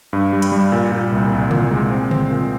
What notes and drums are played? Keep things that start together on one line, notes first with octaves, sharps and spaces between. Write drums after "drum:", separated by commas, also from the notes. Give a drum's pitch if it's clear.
G2
G3
drum: hi-hat
G3
A#2
A#2
C2
C2
A#2, drum: tom C#3
G#3
C4
C4, drum: tom C#3
A#2